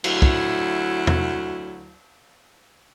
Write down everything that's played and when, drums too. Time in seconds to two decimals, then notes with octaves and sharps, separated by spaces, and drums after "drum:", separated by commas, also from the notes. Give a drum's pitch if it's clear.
0.04 D2 F#3 E4, drum: cymbal
0.22 drum: kick
1.07 drum: tom E2